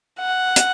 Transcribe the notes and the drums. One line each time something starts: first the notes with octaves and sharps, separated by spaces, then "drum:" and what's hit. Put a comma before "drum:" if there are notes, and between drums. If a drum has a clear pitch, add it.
F#5
drum: hi-hat